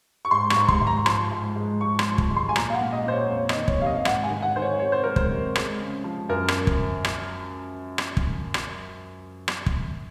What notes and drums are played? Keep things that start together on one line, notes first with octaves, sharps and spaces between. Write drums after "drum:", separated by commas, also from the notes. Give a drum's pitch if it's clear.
C#6
G#2 C6
C#6, drum: rim click
G#2
C6, drum: kick
G#2
A#5
F3 C6, drum: rim click
G#2
G#3
F3 C#6
C6, drum: rim click
F3
drum: kick
G#3
C6
G#5
A#2 A#5, drum: rim click
F5
F#5
A#2
D#5
A#2 C5
C#5
F2 C#5
D#5, drum: rim click
D#3
C#5, drum: kick
C3 F5
D#5
F5
G#2 F#5, drum: rim click
G#5
D#3
F#5
D#3 C5
C#5
C3 C#5
C5
G#3 A#4
C5, drum: kick
C3
G#3, drum: rim click
C#3
F3
F#2 A#4
drum: rim click
drum: kick
drum: rim click
drum: rim click
drum: kick
drum: rim click
drum: rim click
drum: kick